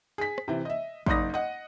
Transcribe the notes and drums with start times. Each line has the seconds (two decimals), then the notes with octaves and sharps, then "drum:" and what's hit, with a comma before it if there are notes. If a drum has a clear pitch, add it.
0.18 G#4 B6
0.38 drum: rim click
0.48 C3 E3
0.65 D#5 E5
1.06 F#1 D#4 D5 D#6 A#6, drum: kick
1.34 D#5 F#5